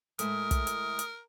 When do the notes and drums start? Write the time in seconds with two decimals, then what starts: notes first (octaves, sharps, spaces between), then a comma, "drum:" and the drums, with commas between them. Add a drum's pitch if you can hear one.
0.19 A2 G#3 A3 A#4 D#6, drum: hi-hat
0.51 drum: kick, hi-hat
0.67 drum: hi-hat
0.99 drum: hi-hat